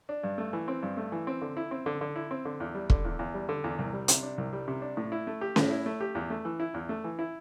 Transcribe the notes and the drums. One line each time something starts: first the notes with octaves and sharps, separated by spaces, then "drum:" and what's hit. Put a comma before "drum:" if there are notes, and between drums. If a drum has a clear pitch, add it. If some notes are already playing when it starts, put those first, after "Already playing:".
D4
G2
A3
E3
C4
G2
A3
E3
C4
D3
E4
C4
D3
D3
E4
C4
D3
E2
G3
D3, drum: kick
E2
E2
G3
D3
E2
C2
G3
C3, drum: hi-hat
D4
C2
G3
C3
D4
A2
E4
A3
G4
A2, drum: snare C#4
E4
A3
G4
E2
A3
E3
E4
E2
A3
E3
E4